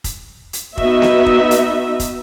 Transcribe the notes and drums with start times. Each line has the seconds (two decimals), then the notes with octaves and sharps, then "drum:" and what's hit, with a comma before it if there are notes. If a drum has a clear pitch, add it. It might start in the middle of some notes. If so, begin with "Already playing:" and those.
0.04 drum: kick, hi-hat
0.53 drum: hi-hat
0.78 B3 D#4 F#4 D#5 E5, drum: kick
1.02 drum: snare B3
1.26 drum: kick
1.51 drum: hi-hat
2.00 drum: kick, hi-hat